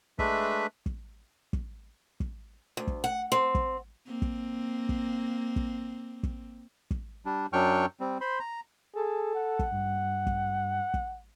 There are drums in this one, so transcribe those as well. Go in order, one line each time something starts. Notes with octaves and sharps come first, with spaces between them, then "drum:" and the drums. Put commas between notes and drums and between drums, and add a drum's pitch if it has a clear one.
G#3 A3 D4 B4 E5, drum: kick
drum: kick
drum: kick
drum: kick
D2
drum: kick
F#5
C4
drum: kick
A#3 C4
drum: kick
drum: kick
drum: kick
drum: kick
drum: kick
G3 D4
F#2 F#3 D4 G5 C#6 F6
G3 C4
C5 B5 C6
A#5
G#4 A4
F#5
drum: kick
G2
drum: kick
drum: kick